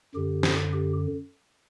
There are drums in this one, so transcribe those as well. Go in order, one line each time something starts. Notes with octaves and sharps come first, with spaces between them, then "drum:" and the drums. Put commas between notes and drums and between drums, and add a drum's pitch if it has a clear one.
F#2 D3 G4
drum: snare
G4